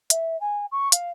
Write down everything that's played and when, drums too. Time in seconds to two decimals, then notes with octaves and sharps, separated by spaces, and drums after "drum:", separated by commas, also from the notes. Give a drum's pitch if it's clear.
0.10 E5, drum: hi-hat
0.40 G#5
0.71 C#6
0.92 F5, drum: hi-hat